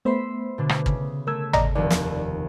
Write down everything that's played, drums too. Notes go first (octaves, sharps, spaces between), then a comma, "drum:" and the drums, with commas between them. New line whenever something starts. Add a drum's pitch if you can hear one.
A3 B3 C5 E5 B5 C6
B2 D3 D4
drum: rim click
C#3, drum: kick
A3 A#4 E6 G#6
D5 D#5 A#5, drum: tom G#1
F1 D#2 D5
drum: snare